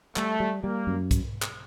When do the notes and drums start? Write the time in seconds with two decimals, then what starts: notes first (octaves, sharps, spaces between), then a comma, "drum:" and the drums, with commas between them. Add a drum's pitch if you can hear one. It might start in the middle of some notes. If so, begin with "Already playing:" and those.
0.16 G3 A3, drum: clap
0.40 G3
0.63 G3 A#3
0.87 F#2
1.11 drum: kick, hi-hat
1.42 drum: clap